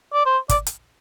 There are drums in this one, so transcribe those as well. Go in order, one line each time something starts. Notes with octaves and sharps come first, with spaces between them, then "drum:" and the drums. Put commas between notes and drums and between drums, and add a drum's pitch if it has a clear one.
D5
C5
D5, drum: kick, hi-hat
drum: hi-hat